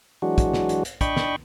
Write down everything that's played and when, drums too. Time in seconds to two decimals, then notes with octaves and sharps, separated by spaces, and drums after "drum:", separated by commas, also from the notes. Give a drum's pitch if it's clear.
0.22 E3 F#3 G#3 D4 F#4
0.38 drum: kick, hi-hat
0.54 drum: snare
0.69 drum: hi-hat
0.85 drum: hi-hat
1.01 D4 D#5 G5 B5 C#6, drum: kick, hi-hat
1.17 drum: snare